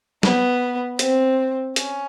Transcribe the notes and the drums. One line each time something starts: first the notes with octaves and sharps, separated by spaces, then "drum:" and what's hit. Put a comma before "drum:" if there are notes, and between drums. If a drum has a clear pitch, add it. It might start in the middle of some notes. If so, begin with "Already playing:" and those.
B3, drum: snare
C4, drum: hi-hat
C#4, drum: hi-hat